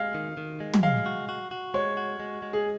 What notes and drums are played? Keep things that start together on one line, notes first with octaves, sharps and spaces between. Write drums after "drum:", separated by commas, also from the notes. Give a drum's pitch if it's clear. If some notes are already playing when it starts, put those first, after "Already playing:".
Already playing: G#3 F5
D#3
D#3
G#3
drum: tom
G#3 F5
F#4
F#4
F#4
G#3 C#5
F#4
G#3
G#3
G#4